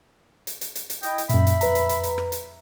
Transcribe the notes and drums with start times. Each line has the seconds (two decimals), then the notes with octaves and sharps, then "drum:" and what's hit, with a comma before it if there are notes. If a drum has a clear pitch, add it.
0.47 drum: hi-hat
0.61 drum: hi-hat
0.75 drum: hi-hat
0.90 drum: hi-hat
1.03 E4 D#5 G5, drum: hi-hat
1.18 drum: hi-hat
1.29 F#2 A#2 E5 B5, drum: hi-hat
1.47 drum: hi-hat
1.61 F2 B4 A#5, drum: hi-hat
1.75 drum: hi-hat
1.89 drum: hi-hat
2.03 drum: hi-hat
2.18 drum: rim click
2.32 drum: hi-hat